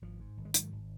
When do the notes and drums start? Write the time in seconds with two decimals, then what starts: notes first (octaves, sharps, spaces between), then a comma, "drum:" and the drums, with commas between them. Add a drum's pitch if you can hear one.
0.02 G#1 F3
0.19 G#2
0.37 G#1
0.45 G#3
0.54 G#2 D#3 F#3, drum: hi-hat
0.72 G#1